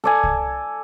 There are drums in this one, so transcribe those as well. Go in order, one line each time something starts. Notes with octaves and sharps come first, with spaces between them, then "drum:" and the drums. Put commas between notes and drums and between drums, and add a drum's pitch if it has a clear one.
A4 D5 G#5
drum: kick C2